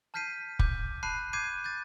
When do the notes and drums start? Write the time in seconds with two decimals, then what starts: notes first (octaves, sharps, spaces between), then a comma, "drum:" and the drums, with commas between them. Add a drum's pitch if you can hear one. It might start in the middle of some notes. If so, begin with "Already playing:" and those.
0.14 A5 F6 G6 B6 C7 D#7
0.59 D6 G6, drum: kick
1.03 A5 B5 F#6 C7 D#7
1.33 D6 G6 G#6 C7 D#7
1.64 G6 A6